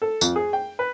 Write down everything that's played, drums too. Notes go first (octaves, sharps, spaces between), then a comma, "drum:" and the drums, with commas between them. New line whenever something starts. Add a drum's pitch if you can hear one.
A4
F2, drum: tambourine
G#4
G5
B4